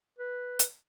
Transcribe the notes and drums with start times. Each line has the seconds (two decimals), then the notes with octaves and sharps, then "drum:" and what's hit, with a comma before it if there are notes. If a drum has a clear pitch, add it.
0.18 B4
0.59 drum: hi-hat